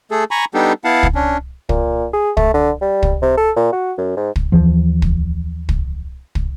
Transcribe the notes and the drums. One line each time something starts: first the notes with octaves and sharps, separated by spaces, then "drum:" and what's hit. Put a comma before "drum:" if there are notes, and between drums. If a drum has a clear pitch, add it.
A3 G#4 A4
G#5 A#5 B5 C#6
G3 B3 D4 D#4 G4 A4
B3 E4 F5 F#5 A5
drum: kick
C#4 D4
A#2, drum: kick
G#4
A3, drum: kick
D3
G3
drum: kick
C3
A4
A#2
F#4
F#2
G#2
drum: kick
D#2 E3 F3
drum: kick
drum: kick
drum: kick